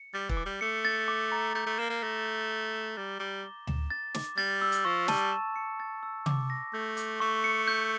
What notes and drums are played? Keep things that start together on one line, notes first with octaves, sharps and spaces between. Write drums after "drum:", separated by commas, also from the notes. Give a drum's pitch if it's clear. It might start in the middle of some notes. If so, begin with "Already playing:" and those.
Already playing: C#7
G3 A6
E3, drum: kick
D6
G3
A3 C#7
A6
D6
A#5
A3 G6
A3
A#3 E7
A#3
A3 A#6
G6
G7
E7
G3 A6
G3 D6
G7
E7, drum: tom D2
A6
D6, drum: snare
G3 A6
E6
drum: hi-hat
F3 C#6
G3 A5, drum: snare
E7
C#7
A6
E6
D6, drum: tom
A#6
A3 G6
D6, drum: hi-hat
A3 C#6
C#7
G6